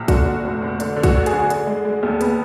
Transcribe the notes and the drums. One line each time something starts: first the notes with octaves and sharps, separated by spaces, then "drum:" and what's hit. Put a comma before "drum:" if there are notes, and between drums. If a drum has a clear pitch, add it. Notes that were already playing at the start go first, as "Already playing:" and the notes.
Already playing: A#1
D3 F#4, drum: kick B1, hi-hat
D3
F1
F1
D3, drum: hi-hat
D3
F#4, drum: kick B1, hi-hat
D2
G#4, drum: hi-hat
D3
D3, drum: hi-hat
G#3
G#3
D#2
B3, drum: hi-hat